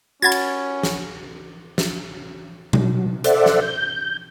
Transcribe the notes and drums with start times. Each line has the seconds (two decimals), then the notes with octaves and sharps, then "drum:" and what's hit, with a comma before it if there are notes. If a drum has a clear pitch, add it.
0.22 C#4 F#4 F#5 B5 G#6 A6
0.32 drum: cymbal
0.83 drum: snare
1.78 drum: snare
2.73 F#3, drum: tom B2
3.24 A4 C5 D5 E5 F#5, drum: hi-hat
3.46 drum: snare
3.61 G6